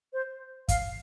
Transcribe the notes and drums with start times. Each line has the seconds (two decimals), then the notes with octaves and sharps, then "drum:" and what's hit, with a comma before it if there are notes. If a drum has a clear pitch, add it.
0.13 C5
0.68 F5, drum: kick, hi-hat